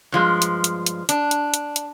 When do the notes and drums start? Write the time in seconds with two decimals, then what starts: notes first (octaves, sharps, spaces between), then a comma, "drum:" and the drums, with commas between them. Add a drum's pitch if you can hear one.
0.12 G2 F3 G#3
0.42 drum: hi-hat
0.64 drum: hi-hat
0.86 drum: hi-hat
1.09 D4, drum: hi-hat
1.31 drum: hi-hat
1.54 drum: hi-hat
1.76 drum: hi-hat